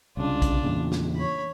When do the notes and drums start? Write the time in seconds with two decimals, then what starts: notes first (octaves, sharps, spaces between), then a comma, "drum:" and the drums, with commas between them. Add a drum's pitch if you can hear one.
0.17 C2 C#3 D4 F4
0.42 drum: kick, hi-hat
0.62 E2 A#2 C#3
0.92 drum: snare
1.16 C#5 B5